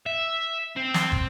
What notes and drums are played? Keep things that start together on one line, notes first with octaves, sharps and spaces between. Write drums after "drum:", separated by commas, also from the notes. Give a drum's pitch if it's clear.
E5
C4
drum: snare
drum: kick